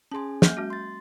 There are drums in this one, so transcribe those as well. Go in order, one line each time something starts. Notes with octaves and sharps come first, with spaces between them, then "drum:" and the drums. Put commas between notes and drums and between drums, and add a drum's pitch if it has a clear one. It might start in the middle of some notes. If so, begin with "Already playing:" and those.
C#4 G#4 G#5 A5 C6
F#3 A#3 G6, drum: snare
G#3 C#4 F#4
C6 A6